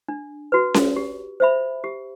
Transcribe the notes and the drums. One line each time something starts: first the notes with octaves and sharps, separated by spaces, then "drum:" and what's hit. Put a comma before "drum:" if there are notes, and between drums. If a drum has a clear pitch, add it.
D4
F#4 B4
drum: snare C#4
G4
C5 E5 B5
G4